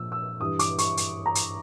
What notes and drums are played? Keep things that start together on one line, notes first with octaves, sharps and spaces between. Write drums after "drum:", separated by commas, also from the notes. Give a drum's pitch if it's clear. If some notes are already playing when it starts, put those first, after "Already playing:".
Already playing: A#2 F3 E6
E6
G2 E3 G3 D#6
D6, drum: hi-hat
C#6, drum: hi-hat
drum: hi-hat
A#5
drum: hi-hat